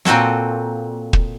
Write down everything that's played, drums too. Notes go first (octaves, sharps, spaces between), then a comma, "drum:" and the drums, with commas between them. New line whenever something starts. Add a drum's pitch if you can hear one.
A#2 C4 F#4 A4 C#5, drum: snare
drum: kick